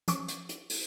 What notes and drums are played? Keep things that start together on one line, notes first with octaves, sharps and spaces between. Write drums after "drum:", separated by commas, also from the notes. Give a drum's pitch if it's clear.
F3 C#4 C#6 D6, drum: hi-hat
drum: hi-hat
drum: hi-hat
drum: open hi-hat